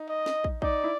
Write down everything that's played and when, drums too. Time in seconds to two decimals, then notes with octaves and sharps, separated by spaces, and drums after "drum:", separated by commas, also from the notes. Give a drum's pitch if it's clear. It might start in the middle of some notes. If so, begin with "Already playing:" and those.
Already playing: D#4
0.08 D#5
0.26 drum: snare
0.44 drum: kick
0.62 D#4 D5, drum: kick
0.84 E4